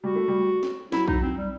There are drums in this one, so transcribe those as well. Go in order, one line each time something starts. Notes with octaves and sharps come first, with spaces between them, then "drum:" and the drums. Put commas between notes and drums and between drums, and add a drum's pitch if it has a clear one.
G3 F#4
A3
G3
drum: snare
F#3 E4, drum: snare
D#4, drum: kick
C4
G3